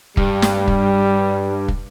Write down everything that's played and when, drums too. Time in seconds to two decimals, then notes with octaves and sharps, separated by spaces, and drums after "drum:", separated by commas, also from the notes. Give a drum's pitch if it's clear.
0.17 G2 G3, drum: kick
0.42 drum: snare
0.68 drum: kick
1.68 drum: kick